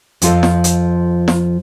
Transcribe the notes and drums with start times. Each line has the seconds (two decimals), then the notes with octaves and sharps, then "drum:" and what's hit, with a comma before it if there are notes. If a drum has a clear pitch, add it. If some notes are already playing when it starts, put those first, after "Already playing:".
0.22 F2 F3 F4 A4 D#5, drum: hi-hat
0.43 drum: snare
0.64 drum: hi-hat
1.28 drum: snare